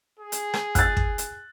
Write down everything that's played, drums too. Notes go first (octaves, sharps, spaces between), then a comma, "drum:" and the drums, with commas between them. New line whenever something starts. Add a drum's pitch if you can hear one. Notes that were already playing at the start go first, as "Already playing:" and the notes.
G#4
drum: hi-hat
drum: rim click
F#6 A6, drum: kick, hi-hat
drum: kick
drum: hi-hat